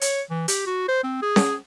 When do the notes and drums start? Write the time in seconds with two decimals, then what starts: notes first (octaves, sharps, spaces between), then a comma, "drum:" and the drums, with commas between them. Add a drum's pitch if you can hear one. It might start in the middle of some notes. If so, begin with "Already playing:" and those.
0.01 C#5, drum: hi-hat
0.30 E3
0.48 G4, drum: hi-hat
0.66 F#4
0.88 C5
1.04 C4
1.22 G#4
1.36 drum: snare C#4